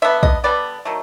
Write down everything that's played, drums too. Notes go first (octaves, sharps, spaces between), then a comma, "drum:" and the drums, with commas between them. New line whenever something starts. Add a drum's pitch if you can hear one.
D3 G3 B3 E5
D#5, drum: kick
D3 G3 B3 D5
D#3 F#3 A3